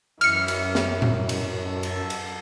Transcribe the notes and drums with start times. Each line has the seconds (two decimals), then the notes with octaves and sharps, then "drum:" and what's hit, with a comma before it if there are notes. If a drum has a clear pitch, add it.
0.21 F#2 E3 F6 C#7, drum: cymbal
0.48 drum: cymbal
0.75 drum: snare
1.02 drum: tom A2
1.29 drum: cymbal
1.62 A4
1.83 drum: cymbal
2.10 drum: cymbal